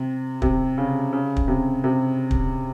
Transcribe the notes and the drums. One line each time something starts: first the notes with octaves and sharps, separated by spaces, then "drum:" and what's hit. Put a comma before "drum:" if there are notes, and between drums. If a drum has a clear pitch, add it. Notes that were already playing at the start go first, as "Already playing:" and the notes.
Already playing: C3
C3, drum: kick
C#3
C#3
drum: kick
C3
C3
drum: kick